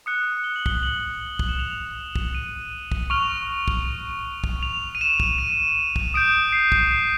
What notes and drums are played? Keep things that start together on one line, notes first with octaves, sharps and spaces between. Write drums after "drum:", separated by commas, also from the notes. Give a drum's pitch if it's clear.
D#6 F#6 C#7
G7
F#7
G7, drum: kick
F#7
drum: kick
E7
F7
drum: kick
D#7
drum: kick
C#6 F6 F7
drum: kick
drum: kick
F7
D#7
E7
drum: kick
D#7
drum: kick
D#6 G6 D7
C7
drum: kick
C7